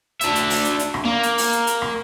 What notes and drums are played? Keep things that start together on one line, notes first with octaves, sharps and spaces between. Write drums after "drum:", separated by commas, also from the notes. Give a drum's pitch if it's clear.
D4 E5, drum: hi-hat
drum: hi-hat
drum: open hi-hat
drum: hi-hat
drum: hi-hat
drum: rim click
A#3
drum: hi-hat
drum: open hi-hat
drum: hi-hat
drum: hi-hat
drum: rim click